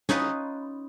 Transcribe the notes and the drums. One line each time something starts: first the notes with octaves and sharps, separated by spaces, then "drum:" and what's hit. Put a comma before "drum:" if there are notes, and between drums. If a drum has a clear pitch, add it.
C#4 D#4 F4 B4, drum: snare